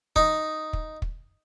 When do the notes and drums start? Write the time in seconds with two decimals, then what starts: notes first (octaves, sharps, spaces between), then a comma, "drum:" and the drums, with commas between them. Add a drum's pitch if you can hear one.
0.16 D#4, drum: kick
0.73 drum: kick
1.02 drum: kick